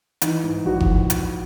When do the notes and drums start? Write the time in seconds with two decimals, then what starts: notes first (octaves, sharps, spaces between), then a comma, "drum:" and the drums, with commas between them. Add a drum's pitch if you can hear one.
0.22 E3 D#4, drum: hi-hat
0.44 G#2
0.65 A#1 F#4
0.80 drum: kick G1
1.10 drum: hi-hat